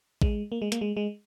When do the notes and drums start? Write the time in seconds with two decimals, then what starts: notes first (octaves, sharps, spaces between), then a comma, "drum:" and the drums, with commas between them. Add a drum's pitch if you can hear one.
0.22 G#3, drum: kick
0.52 A#3
0.62 G#3
0.72 A#3, drum: hi-hat
0.81 G#3
0.97 G#3